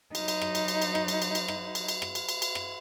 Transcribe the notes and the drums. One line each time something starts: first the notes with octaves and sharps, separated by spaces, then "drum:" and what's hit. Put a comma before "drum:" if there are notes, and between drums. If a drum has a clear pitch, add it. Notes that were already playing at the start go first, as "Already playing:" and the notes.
F#3 D#4, drum: cymbal
drum: cymbal
drum: rim click
drum: cymbal
drum: cymbal
drum: cymbal
drum: rim click
drum: cymbal
drum: cymbal
drum: cymbal
drum: rim click
drum: cymbal
drum: cymbal
drum: rim click
drum: cymbal
drum: cymbal
drum: cymbal
drum: rim click